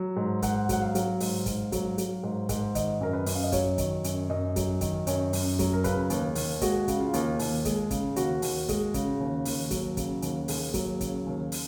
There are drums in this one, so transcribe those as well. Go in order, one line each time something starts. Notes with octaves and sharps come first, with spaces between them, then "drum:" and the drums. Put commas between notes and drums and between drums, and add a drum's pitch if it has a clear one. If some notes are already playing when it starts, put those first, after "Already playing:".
Already playing: F#3
G#2
G#2 F#5, drum: kick, hi-hat
F#3 F#5, drum: kick, hi-hat
F5
F#3, drum: hi-hat
G#2, drum: open hi-hat
G#2, drum: kick, hi-hat
F#3, drum: kick, hi-hat
F#3, drum: hi-hat
G#2
G#2, drum: kick, hi-hat
D#3 D#5, drum: kick, hi-hat
F#2 A#4
B4
F#2, drum: open hi-hat
F5
D#5
F#3 C#5, drum: kick, hi-hat
D#3, drum: kick, hi-hat
F#2, drum: hi-hat
F#2 D#5
F#3, drum: kick, hi-hat
D#3, drum: kick, hi-hat
F#2 C#5, drum: hi-hat
F#2, drum: open hi-hat
F#3, drum: kick, hi-hat
A#4
C#3 B4, drum: kick, hi-hat
D#2, drum: hi-hat
D#2, drum: open hi-hat
G#3 F#4, drum: kick, hi-hat
C#3, drum: kick, hi-hat
F4
D#2, drum: hi-hat
D#2, drum: open hi-hat
G#3, drum: kick, hi-hat
C#3, drum: kick, hi-hat
D#2 F#4, drum: hi-hat
D#2, drum: open hi-hat
G#3, drum: kick, hi-hat
C#3, drum: kick, hi-hat
D#2
D#2, drum: open hi-hat
F#3, drum: kick, hi-hat
C#3, drum: kick, hi-hat
D#2, drum: hi-hat
D#2 G#4, drum: open hi-hat
F#3, drum: kick, hi-hat
C#3, drum: kick, hi-hat
D#2
drum: open hi-hat